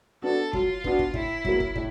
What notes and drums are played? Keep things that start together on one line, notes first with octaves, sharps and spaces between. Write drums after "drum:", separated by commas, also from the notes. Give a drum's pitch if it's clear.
B3 D4 F#4 A4
F#3 F4, drum: kick
B3 D4 F#4, drum: kick
drum: kick
A2 E4, drum: kick
F#3 A#3, drum: kick
drum: kick
A2, drum: kick